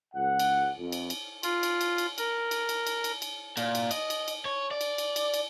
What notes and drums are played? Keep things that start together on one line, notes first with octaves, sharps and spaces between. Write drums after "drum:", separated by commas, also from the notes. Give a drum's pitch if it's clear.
C#2 F#5
drum: cymbal
F2
drum: cymbal
drum: cymbal
F4, drum: cymbal
drum: cymbal
drum: cymbal
drum: cymbal
A#4, drum: cymbal
drum: cymbal
drum: cymbal
drum: cymbal
drum: cymbal
drum: cymbal
A#2, drum: cymbal
drum: cymbal
D#5, drum: cymbal
drum: cymbal
drum: cymbal
C#5
D5
drum: cymbal
drum: cymbal
drum: cymbal
drum: cymbal